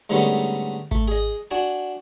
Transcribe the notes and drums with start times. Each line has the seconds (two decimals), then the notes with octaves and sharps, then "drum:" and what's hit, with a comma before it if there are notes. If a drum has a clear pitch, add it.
0.10 G#2 D3 G3 A3 B3 C#4
0.91 A3, drum: kick G#1
1.08 G#4 D#5
1.51 D4 F#4 G#5 A5